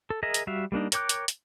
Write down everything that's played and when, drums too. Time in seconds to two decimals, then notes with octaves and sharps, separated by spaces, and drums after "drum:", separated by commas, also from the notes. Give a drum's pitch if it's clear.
0.10 A4
0.23 G#4 A#4 D#5 E5 A#5
0.34 drum: hi-hat
0.47 G3 F#4 E5 F5
0.72 G3 A#3 D4 D#4
0.92 A#4 C#5 G5 D6 F#6, drum: hi-hat
1.09 drum: hi-hat
1.28 drum: hi-hat